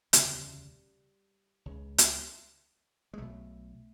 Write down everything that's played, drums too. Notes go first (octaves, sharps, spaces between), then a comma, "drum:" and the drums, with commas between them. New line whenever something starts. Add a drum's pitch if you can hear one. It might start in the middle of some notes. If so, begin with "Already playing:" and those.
E1 D2 C#3 G3, drum: hi-hat
C#2 C#3
drum: hi-hat
G#3
B1 B2 A3